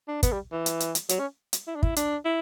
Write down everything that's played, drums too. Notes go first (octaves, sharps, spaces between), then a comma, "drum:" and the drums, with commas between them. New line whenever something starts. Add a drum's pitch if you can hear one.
D4
B3, drum: kick, hi-hat
G3
E3
drum: hi-hat
drum: hi-hat
drum: hi-hat
F#3, drum: hi-hat
C#4
drum: hi-hat
E4
D4
E4, drum: kick
D4, drum: hi-hat
E4